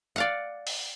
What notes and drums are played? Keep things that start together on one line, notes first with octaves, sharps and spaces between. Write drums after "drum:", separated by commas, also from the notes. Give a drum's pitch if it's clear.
D5 F5 F#5
drum: open hi-hat